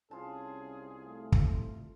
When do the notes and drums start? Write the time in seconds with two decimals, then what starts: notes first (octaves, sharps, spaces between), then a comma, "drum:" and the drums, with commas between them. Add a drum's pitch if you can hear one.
0.11 C2 C#4 F4 G#4 A5
1.06 A3
1.32 drum: kick